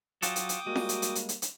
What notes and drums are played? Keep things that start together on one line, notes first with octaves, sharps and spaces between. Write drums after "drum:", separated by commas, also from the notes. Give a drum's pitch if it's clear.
F#3 F4 F#4 A4 G5 D6 D#6, drum: hi-hat
drum: hi-hat
drum: hi-hat
G3 G#3 A#3 F#4
drum: snare
drum: hi-hat
drum: hi-hat
drum: hi-hat
drum: hi-hat
drum: hi-hat